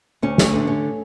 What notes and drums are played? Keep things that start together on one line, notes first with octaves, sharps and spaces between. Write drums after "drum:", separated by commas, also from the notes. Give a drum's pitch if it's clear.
D2 C#4
A3, drum: snare
D3
C#4